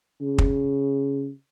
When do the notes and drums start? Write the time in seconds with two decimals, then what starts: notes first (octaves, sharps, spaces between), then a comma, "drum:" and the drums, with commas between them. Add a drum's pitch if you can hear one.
0.21 C#3
0.38 drum: kick